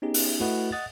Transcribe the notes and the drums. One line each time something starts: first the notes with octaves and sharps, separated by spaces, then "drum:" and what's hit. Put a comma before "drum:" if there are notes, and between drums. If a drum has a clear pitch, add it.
B3 C#4 D#4 G4 G#4
drum: open hi-hat
A3 E4 F#4 B4 D#5 F#5
D#5 F#5 D#6 A6